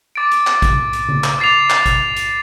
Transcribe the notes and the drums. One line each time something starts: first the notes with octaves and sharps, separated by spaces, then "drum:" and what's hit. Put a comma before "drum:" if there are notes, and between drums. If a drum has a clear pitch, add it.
D6 A6 D7
drum: hi-hat
drum: clap
drum: kick, hi-hat
drum: hi-hat
drum: tom C#3
drum: clap
D6 A6 C7 F7
drum: clap
drum: kick, hi-hat
drum: hi-hat